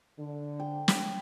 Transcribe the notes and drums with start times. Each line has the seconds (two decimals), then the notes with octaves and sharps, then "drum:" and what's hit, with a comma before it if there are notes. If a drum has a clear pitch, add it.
0.18 D3
0.60 G5
0.88 drum: snare